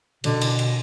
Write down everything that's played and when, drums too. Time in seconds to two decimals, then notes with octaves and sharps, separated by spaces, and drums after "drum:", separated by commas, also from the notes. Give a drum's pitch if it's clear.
0.24 B2 D3, drum: cymbal
0.41 drum: cymbal
0.59 drum: cymbal